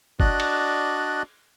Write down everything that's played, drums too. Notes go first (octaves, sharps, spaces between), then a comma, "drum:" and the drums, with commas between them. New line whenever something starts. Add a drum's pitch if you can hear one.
D4 F#4 D5 D#5 F#6, drum: kick F#1
drum: cymbal